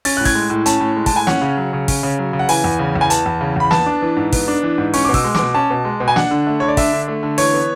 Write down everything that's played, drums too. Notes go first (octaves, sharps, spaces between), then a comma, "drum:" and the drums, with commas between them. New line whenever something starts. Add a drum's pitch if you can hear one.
C#4 A6, drum: open hi-hat
F#6
A2
G#6, drum: kick, open hi-hat
G#3
A2
C#4 A5, drum: hi-hat
A2
G#3
A5, drum: kick, open hi-hat
A2 G#5
C#4 F#5, drum: snare
C#3
F#3
C#3
C#4, drum: kick, open hi-hat
C#3
F#3
C#3
F#5
E3 G#5, drum: open hi-hat
E2
C#3
E2
G#5
E3 A5, drum: hi-hat
E2
C#3
E2 B5
B3 A5, drum: snare
D4
E3
G#2
B3, drum: kick, open hi-hat
D4
E3
G#2
C#4 C#6, drum: open hi-hat
B2 D6
E6, drum: kick, open hi-hat
G#3
B2 D6, drum: snare
C#4 A5
B2
G#3
B2
G#5
D4 F#5, drum: snare
D3
A3
D3 C#5
D5
D4 E5, drum: kick, open hi-hat
D3
A3
D3
E3 C#5, drum: open hi-hat
B3